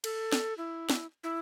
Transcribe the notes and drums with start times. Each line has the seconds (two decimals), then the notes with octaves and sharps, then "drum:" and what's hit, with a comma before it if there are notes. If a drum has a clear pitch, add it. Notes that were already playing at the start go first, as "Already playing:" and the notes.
0.04 A4, drum: cymbal
0.32 drum: snare
0.58 E4
0.90 drum: snare
1.24 E4